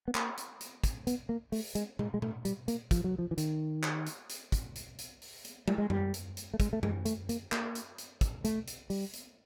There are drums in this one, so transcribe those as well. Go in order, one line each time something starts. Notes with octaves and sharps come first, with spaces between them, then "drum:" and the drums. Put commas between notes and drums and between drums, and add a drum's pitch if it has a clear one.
B3
A#3, drum: clap
drum: hi-hat
drum: hi-hat
drum: kick, hi-hat
B3, drum: hi-hat
A#3
A3, drum: open hi-hat
G#3, drum: hi-hat
G#3, drum: tom A#2
G#3
A3, drum: tom A#2
G3, drum: hi-hat
A#3, drum: hi-hat
F3, drum: kick, hi-hat
F#3
F3
E3
D#3, drum: hi-hat
drum: clap
drum: hi-hat
drum: hi-hat
drum: kick, hi-hat
drum: hi-hat
drum: hi-hat
drum: open hi-hat
drum: hi-hat
G3, drum: tom
G#3
G3, drum: tom F#2
drum: hi-hat
drum: hi-hat
A3
G#3, drum: kick, hi-hat
A3
G#3, drum: tom F#2
A3, drum: hi-hat
A#3, drum: hi-hat
A#3, drum: clap
drum: hi-hat
drum: hi-hat
drum: kick, hi-hat
A3, drum: hi-hat
drum: hi-hat
G3, drum: open hi-hat
drum: hi-hat